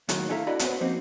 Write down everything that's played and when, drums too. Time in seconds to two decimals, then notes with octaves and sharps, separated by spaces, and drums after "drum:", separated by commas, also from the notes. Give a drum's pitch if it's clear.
0.09 A2 D#3 F#3 A#3, drum: hi-hat
0.29 D4 E4 A4 E5 F5 A#5
0.47 D4 E4 F#4 D5 D#5 B5
0.59 B3 C#4 F#4 B4 C5, drum: hi-hat
0.81 F3 A#3 C4 D#4 F#4